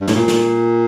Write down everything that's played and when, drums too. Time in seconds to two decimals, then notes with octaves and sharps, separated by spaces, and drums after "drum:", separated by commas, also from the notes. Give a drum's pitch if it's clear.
0.01 G2
0.08 A2, drum: snare
0.15 A#2
0.28 drum: snare